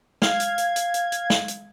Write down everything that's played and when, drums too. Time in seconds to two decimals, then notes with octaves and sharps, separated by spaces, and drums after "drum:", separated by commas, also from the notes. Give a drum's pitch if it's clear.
0.22 F5 G#6, drum: snare
0.40 drum: hi-hat
0.58 drum: hi-hat
0.76 drum: hi-hat
0.94 drum: hi-hat
1.12 drum: hi-hat
1.30 drum: snare
1.48 drum: hi-hat